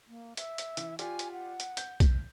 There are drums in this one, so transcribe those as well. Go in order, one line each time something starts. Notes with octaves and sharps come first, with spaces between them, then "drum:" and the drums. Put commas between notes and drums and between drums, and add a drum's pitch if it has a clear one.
A#3
E5, drum: hi-hat
drum: hi-hat
E3, drum: hi-hat
F4 G4 D5 G#5, drum: hi-hat
drum: hi-hat
F#5
drum: hi-hat
G6, drum: hi-hat
drum: kick B1, hi-hat